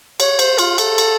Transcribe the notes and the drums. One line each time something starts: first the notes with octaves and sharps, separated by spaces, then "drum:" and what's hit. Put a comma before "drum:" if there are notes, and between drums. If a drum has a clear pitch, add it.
C#5, drum: cymbal
C5, drum: cymbal
F4, drum: cymbal
A4, drum: cymbal
drum: cymbal